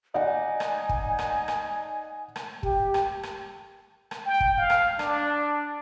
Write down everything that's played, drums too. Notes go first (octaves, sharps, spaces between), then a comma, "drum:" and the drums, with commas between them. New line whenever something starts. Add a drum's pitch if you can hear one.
D#4 D5 F#5 G#5
drum: rim click
drum: kick
drum: rim click
drum: rim click
drum: rim click
G4, drum: kick
drum: rim click
drum: rim click
drum: rim click
G5
drum: kick
F5
drum: rim click
D4, drum: rim click